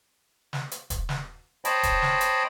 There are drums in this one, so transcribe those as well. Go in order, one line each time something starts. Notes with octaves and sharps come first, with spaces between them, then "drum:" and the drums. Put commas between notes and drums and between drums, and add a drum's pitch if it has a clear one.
drum: snare
drum: hi-hat
drum: kick, hi-hat
drum: snare
C5 C#5 D#5 G5 A5 B5, drum: hi-hat
drum: kick, hi-hat
drum: snare
drum: hi-hat